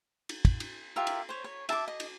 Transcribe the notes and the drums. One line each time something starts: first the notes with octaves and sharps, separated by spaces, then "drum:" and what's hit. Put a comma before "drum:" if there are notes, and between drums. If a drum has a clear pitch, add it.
drum: cymbal
drum: kick, cymbal
drum: cymbal
F4 G4 A#4 E5
drum: cymbal
C5 C#5
C#5
E5 A5 A#5 D6, drum: cymbal
D#5
drum: cymbal